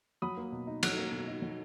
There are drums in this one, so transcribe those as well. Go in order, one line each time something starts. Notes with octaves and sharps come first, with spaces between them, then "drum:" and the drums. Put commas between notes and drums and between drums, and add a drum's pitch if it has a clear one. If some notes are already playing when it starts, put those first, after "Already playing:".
F#3 B5 D#6
A#3
B2
D#4
F#3, drum: cymbal
A#3
B2
D#4
F#3